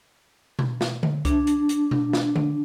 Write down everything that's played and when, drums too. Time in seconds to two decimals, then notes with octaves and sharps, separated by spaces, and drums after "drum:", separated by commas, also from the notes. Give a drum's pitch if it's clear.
0.59 drum: tom B2
0.81 drum: snare
1.03 drum: tom D3
1.25 D4, drum: kick C2, hi-hat
1.47 drum: hi-hat
1.69 drum: hi-hat
1.91 drum: tom B2
2.13 drum: snare
2.36 drum: tom D3